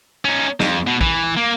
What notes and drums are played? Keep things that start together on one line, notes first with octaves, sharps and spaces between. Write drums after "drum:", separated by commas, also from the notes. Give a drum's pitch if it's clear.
C#4 D#4
F2, drum: snare
B2
E3, drum: kick A1
A#3